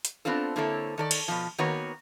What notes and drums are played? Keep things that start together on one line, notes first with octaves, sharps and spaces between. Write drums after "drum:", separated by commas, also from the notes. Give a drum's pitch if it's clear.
drum: hi-hat
B3 C4 D4 F4 A4
D3 A#3 C4 E4 A4 C#5
D#3 A4 D5
drum: cymbal
B2 F3
D#3 A#3 B3 F#4 A#4 C#5